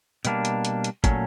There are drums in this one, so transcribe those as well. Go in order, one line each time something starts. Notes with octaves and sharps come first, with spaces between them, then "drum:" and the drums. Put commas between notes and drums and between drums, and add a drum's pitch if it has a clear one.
B2 G3 A#3 D4, drum: hi-hat
drum: hi-hat
drum: hi-hat
drum: hi-hat
A#2 F#3 A3 C#4, drum: kick, hi-hat